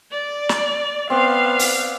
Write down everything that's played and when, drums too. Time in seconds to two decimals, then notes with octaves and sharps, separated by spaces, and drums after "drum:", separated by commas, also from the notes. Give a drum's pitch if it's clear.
0.11 D5
0.49 drum: snare
1.10 B3 C4 D5 F5
1.59 drum: open hi-hat